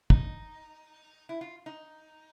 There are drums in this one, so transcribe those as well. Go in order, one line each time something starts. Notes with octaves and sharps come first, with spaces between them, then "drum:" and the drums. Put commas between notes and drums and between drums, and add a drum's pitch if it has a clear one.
D#4, drum: kick
E4
F4
D#4